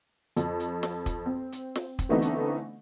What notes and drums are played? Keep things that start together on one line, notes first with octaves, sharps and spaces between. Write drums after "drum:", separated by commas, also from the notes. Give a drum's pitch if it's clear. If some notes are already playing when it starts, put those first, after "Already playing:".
F2, drum: hi-hat
drum: hi-hat
drum: snare
drum: kick, hi-hat
C4
drum: hi-hat
drum: snare
drum: kick, hi-hat
D3 E3 A3 B3 C4 D#4
drum: hi-hat